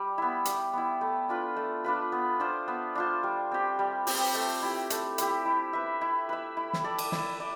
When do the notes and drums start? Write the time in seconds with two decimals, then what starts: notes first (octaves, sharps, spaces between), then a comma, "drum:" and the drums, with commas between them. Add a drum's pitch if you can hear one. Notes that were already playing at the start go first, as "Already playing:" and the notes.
Already playing: G3
0.18 B3 E4
0.45 G3, drum: hi-hat
0.73 B3 E4
1.01 A3
1.29 D4 F4 B4
1.57 A3
1.84 D4 F4 B4
2.12 B3
2.40 D4 F4 C5
2.68 B3
2.95 D4 F4 C5
3.23 G3
3.51 C4 G4
3.79 G3
4.07 C4 G4, drum: open hi-hat
4.34 A3
4.62 E4 G4
4.90 A3, drum: hi-hat
5.18 E4 G4, drum: hi-hat
5.46 E4
5.73 B4 E5
6.01 E4
6.29 B4 E5
6.57 E4
6.73 drum: snare
6.84 A4 D5
6.98 drum: cymbal
7.12 E4, drum: snare
7.40 D5